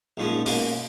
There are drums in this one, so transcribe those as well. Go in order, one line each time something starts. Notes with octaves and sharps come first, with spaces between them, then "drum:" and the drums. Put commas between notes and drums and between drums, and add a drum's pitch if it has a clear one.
A#1 G#2 F3 G#3 C#4
B2 A#3 C#4 F#4 A#4, drum: open hi-hat